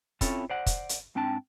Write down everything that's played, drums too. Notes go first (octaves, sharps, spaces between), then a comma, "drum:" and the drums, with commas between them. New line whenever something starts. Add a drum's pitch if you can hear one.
C4 C#4 E4 F4 A4 C#5, drum: kick, hi-hat
C5 D5 F#5
drum: kick, hi-hat
drum: hi-hat
G#2 C4 D4 G5 A5